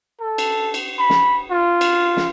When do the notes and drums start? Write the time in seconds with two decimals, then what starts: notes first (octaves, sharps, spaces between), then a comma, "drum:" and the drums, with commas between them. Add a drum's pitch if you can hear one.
0.21 A4
0.38 drum: cymbal
0.74 drum: cymbal
0.99 B5
1.10 drum: snare
1.50 F4
1.81 drum: cymbal
2.17 drum: snare